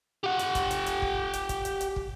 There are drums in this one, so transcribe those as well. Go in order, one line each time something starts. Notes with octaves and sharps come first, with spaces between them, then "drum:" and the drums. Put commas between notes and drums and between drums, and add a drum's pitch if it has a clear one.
G4 F#5
drum: hi-hat
drum: kick, hi-hat
drum: hi-hat
drum: hi-hat
drum: kick
drum: hi-hat
drum: kick, hi-hat
drum: hi-hat
drum: hi-hat
drum: kick